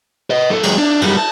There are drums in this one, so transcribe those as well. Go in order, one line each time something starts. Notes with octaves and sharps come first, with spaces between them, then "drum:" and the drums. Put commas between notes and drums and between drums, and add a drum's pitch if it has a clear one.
B4 D#5
F#3 A4
F#3 G#3, drum: cymbal
D4
F#2 G3, drum: cymbal
A5